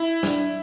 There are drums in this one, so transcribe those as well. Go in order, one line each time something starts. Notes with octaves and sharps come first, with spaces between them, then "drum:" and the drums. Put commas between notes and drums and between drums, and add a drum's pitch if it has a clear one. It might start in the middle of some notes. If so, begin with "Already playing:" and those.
Already playing: E4
D4, drum: snare